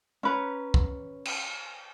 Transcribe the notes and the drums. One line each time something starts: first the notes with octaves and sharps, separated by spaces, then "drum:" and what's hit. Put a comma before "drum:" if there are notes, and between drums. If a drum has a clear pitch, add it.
C#4 B4 A#5
drum: kick
drum: cymbal